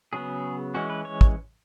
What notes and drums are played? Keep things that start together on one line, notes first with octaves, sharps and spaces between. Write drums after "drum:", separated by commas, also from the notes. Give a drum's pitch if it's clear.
C#3 F#3 B3 G#4
E3 G#3 C#4 F#4
B4
C#5
drum: kick